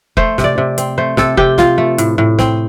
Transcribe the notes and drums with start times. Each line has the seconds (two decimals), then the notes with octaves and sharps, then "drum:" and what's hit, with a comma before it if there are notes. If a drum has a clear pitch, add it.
0.17 A3 C5, drum: kick F1
0.38 C3, drum: snare
0.44 D5
0.58 C3
0.78 C4, drum: hi-hat
0.98 A3 C5
1.17 C3 A4, drum: snare
1.37 C3 G4, drum: kick F1
1.58 C4 F4, drum: snare
1.78 A3
1.98 A2, drum: hi-hat
2.18 A2
2.39 C4, drum: snare